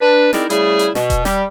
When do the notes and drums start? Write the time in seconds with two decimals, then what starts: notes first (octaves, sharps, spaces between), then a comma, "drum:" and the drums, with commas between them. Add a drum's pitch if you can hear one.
0.01 D4 B4
0.33 G#3 C4 D#4 E4 A#4 D5, drum: snare
0.50 C#3 G3 A3 E4 G#4, drum: hi-hat
0.79 drum: hi-hat
0.95 B2, drum: snare
1.10 drum: kick D#1, hi-hat
1.25 G3 G4, drum: snare